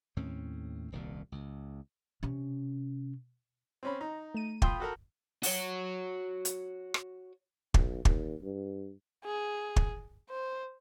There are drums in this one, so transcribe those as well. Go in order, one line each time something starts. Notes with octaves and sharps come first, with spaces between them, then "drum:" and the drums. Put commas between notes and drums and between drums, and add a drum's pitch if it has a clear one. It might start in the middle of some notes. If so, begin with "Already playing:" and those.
D#2 A2 C4 C#4
D#1 C2 A#2
C#2
C3 C#4
C4 C#4 B5
D#4 A#5
A3 D#7
F4 G5 B5 C6 D#6 G6, drum: kick
F#4 A4 A#4
F#4 C#5, drum: open hi-hat
drum: hi-hat
drum: rim click
B1, drum: kick
D#2, drum: kick
G2
G#4
drum: kick
C5